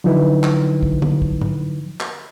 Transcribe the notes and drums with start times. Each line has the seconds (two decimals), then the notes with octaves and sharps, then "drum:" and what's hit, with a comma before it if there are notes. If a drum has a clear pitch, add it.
0.04 D3 F3 F#3 D#4 E4 B4
0.43 drum: clap
0.83 drum: kick
1.02 drum: tom D3
1.22 drum: kick
1.41 drum: tom G#2
2.00 drum: clap